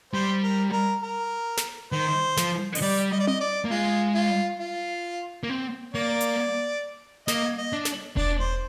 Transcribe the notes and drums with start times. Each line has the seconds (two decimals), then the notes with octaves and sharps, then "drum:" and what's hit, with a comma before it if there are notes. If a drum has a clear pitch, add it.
0.13 G3 C5
0.43 A#4
0.73 A#4
1.03 A#4
1.57 drum: snare
1.92 D#3 C5
2.37 F3, drum: snare
2.75 D#5, drum: open hi-hat
2.82 G3 D5
3.12 D#5
3.20 D5
3.27 D#5, drum: tom C4
3.40 D5
3.65 A#3
3.71 G#3 F4
4.15 F4
4.60 F4
5.43 A#3
5.50 C4
5.94 A#3 D5
6.21 drum: hi-hat
7.28 A#3 D#5, drum: snare
7.58 D#5
7.73 D4
7.85 drum: snare
8.17 D4 D5, drum: kick E1
8.40 C5